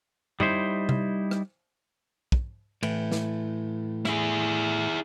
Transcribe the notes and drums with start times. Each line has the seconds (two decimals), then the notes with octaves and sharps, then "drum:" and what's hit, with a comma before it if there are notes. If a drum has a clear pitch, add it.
0.40 G3 D#4 E4 C5, drum: tom F#2
0.89 drum: tom
1.31 drum: rim click
2.32 drum: kick
2.83 A2 E3, drum: cymbal
3.12 drum: snare
4.05 E4 G#4, drum: rim click